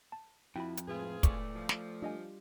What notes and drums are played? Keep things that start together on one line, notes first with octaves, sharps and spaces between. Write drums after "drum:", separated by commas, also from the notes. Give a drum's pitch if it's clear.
A5
F2 E4 F#4 G5 B5
drum: hi-hat
A2 G#3 C4 F4 G#4 B4
A3 D5 C#6, drum: kick, hi-hat
F3
drum: snare
G3 D4 F4 D#5 G#5